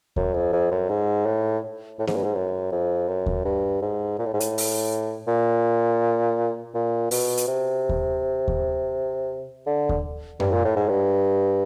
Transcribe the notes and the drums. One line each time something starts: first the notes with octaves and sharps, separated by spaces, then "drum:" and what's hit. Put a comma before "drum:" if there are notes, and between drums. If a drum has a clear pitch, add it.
F#2, drum: kick D#2
F2
F2
F#2
G#2
A2
A2
G#2, drum: snare A#3
G2
G#2
F#2
F2
F#2
drum: kick D#2
G2
G#2
A#2
A2
G#2
A2, drum: hi-hat
drum: open hi-hat
A#2
A#2
B2, drum: open hi-hat
drum: hi-hat
C3
drum: kick D#2
drum: kick D#2
D3
drum: kick D#2
G2, drum: tom F#2
A#2
A2
G#2
G2